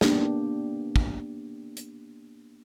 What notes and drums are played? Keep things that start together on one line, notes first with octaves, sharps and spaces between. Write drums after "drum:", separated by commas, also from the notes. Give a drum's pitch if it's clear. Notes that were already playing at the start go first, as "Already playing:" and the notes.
A#3 B3 D4 G4, drum: snare
drum: kick
drum: hi-hat